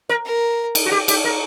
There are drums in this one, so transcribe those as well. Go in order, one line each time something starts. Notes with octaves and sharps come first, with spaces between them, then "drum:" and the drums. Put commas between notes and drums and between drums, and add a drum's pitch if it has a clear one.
A#4
A#4
drum: cymbal
F#4
G4
G4, drum: cymbal
A#4